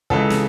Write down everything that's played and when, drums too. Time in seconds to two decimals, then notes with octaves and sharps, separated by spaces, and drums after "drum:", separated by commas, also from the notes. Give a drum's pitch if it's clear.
0.10 C#2 C#3 E3 G#3 A4, drum: kick
0.30 drum: snare